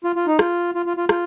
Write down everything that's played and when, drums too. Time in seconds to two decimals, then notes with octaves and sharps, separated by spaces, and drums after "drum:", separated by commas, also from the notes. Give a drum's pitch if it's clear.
0.04 F4
0.16 F4
0.27 D#4
0.39 F4, drum: rim click
0.75 F4
0.86 F4
0.97 F4
1.09 F4, drum: rim click